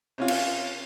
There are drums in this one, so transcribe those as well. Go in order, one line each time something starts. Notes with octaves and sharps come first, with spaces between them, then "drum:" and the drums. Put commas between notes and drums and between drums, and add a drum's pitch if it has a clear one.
C3 C#4 F4
drum: cymbal